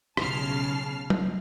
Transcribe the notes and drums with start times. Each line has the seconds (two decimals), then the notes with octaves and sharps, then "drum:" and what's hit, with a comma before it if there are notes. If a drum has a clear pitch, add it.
0.17 B1 C#3 A5 F6 C7, drum: rim click
1.10 drum: tom F#3